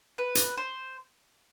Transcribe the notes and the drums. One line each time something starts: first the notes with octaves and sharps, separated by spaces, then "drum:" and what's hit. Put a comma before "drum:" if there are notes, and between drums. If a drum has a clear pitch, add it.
B4
drum: hi-hat
C5